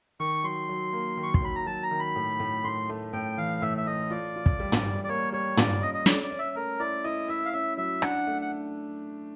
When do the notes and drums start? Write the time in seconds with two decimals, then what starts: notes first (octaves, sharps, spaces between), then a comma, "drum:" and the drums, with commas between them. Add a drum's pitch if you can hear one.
0.20 D#3 C#6
0.44 F#3 C6
0.69 F#3
0.93 A#3
1.17 D#3
1.23 C#6
1.34 C6, drum: kick
1.42 F#3 B5
1.56 A#5
1.66 F#3 A5
1.83 A#5
1.91 D#3
1.99 B5
2.16 A2
2.40 A2
2.64 A2 C6
2.89 A3
3.13 A2 G5
3.37 E3 F5
3.62 A2 E5
3.78 E5
3.86 A3 D#5
4.10 F4 D5
4.36 F4
4.46 drum: kick
4.60 G3
4.72 drum: tom
4.84 G3
5.04 D5
5.09 A#3 C#5
5.33 G3 C#5
5.57 F4 D5, drum: tom
5.82 C#4 D#5
5.94 D#5
6.06 C#4 D5, drum: snare
6.23 D5
6.31 C#4
6.38 E5
6.55 A3 A#4
6.80 E4 D5
7.04 E4 D#5
7.28 E4 E5
7.46 F5
7.53 C#4 E5
7.77 F#3 E5
8.02 D4 F#5, drum: rim click
8.27 A3
8.42 F#5